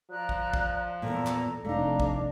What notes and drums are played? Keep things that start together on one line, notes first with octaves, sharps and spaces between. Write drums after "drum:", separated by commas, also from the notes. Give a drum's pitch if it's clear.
F3 D5 A#5 F#6
drum: kick
drum: kick
E2 A#2 A4 A#5
drum: clap
F1 A3 D4 D#4 F5 A#5
drum: kick